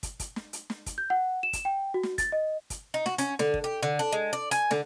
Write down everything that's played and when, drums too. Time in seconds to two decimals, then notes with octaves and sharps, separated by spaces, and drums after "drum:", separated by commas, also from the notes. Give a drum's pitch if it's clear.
0.03 drum: kick, hi-hat
0.20 drum: kick, hi-hat
0.36 drum: snare
0.53 drum: hi-hat
0.70 drum: snare
0.86 drum: kick, hi-hat
0.98 G6
1.10 F#5
1.43 E7
1.53 drum: kick, hi-hat
1.65 G5
1.94 F#4
2.03 drum: snare
2.18 A6, drum: kick, hi-hat
2.32 D#5
2.70 drum: kick, hi-hat
2.94 D#4
3.06 F#4, drum: snare
3.18 C#4, drum: hi-hat
3.39 D3, drum: snare
3.54 drum: kick
3.64 G4
3.83 D3
3.99 D4
4.12 G#3
4.33 D5
4.51 G#5, drum: hi-hat
4.71 D3, drum: snare